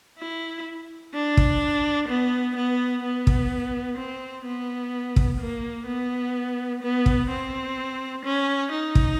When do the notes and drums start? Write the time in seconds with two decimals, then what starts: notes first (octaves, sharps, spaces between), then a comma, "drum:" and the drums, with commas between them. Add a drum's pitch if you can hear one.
0.19 E4
1.14 D4
1.37 drum: kick
2.08 B3
2.56 B3
3.03 B3
3.27 drum: kick
3.97 C4
4.45 B3
5.16 drum: kick
5.40 A#3
5.87 B3
6.82 B3
7.06 drum: kick
7.29 C4
8.25 C#4
8.71 D#4
8.95 drum: kick